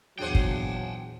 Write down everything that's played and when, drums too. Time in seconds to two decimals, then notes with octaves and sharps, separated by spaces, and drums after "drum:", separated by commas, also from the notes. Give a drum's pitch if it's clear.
0.18 E2 A#2 F#3 D4 G#4 C5 F#5 G5
0.35 drum: kick